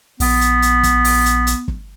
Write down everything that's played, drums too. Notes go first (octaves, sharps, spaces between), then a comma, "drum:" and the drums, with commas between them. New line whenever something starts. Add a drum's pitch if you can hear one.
A#1 B3, drum: open hi-hat
drum: hi-hat
drum: hi-hat
drum: kick, hi-hat
drum: open hi-hat
drum: hi-hat
drum: hi-hat
drum: kick